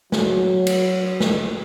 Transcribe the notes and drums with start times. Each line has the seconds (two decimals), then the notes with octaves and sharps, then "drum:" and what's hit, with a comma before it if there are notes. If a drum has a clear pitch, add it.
0.12 F#3, drum: snare
0.67 drum: cymbal
1.20 drum: snare